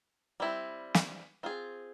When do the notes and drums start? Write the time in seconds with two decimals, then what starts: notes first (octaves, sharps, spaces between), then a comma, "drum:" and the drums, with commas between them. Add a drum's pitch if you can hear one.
0.40 G3 C4 E4
0.94 drum: snare
1.43 C4 F4 G#4